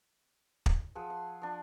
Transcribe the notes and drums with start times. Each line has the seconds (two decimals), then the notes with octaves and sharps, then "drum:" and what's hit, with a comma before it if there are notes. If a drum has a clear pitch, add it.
0.66 drum: kick
0.95 F3 G#4 F#5 E6
1.10 C6
1.42 F3 D4